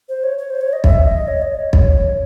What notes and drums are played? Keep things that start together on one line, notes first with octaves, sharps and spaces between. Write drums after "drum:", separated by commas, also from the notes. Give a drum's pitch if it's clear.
C5
C#5
C#5
C5
C#5
D#5
E5, drum: kick
D#5
C#5
D#5
C#5
drum: kick